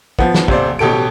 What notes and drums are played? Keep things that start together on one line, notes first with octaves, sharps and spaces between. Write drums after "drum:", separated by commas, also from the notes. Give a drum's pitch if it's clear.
F3 B3, drum: kick
drum: snare
D#1 C3 C5 D5, drum: kick
A1 B2 G4 A4 D7